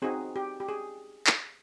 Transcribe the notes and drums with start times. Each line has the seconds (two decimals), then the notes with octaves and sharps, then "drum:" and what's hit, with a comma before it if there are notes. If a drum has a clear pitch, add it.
0.02 C4 D#4 F#4 G#4
0.36 G4
0.60 G4
0.69 G#4
1.27 drum: clap